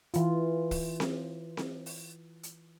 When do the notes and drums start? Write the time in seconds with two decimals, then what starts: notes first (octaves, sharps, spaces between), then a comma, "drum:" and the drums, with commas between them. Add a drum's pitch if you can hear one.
0.14 E3 F4, drum: hi-hat
0.71 drum: kick, open hi-hat
1.00 drum: snare C4
1.57 drum: snare C4
1.86 drum: open hi-hat
2.43 drum: hi-hat